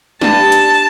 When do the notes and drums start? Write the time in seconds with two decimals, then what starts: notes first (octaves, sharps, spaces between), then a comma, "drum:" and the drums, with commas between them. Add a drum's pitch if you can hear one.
0.21 G2 A5, drum: snare
0.52 drum: hi-hat